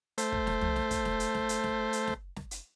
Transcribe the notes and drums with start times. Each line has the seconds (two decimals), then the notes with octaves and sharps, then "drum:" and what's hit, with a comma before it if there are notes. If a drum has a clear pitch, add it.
0.18 A3 C5, drum: hi-hat
0.32 drum: kick
0.47 drum: snare
0.61 drum: tom
0.76 drum: snare
0.91 drum: kick, hi-hat
1.05 drum: snare
1.20 drum: hi-hat
1.34 drum: snare
1.49 drum: hi-hat
1.64 drum: snare
1.93 drum: hi-hat
2.07 drum: snare
2.36 drum: snare
2.51 drum: hi-hat